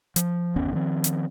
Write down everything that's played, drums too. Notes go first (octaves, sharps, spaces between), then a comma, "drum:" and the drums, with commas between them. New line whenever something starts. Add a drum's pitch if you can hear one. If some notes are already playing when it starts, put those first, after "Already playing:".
F3, drum: hi-hat
G1 D#2 B3 C#4
D#3 F3 A3 C4
drum: hi-hat